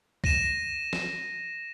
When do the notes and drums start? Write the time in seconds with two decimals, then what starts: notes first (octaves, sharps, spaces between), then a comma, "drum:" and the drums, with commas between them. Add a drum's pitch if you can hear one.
0.24 A#6 D#7 E7, drum: kick C2
0.93 drum: snare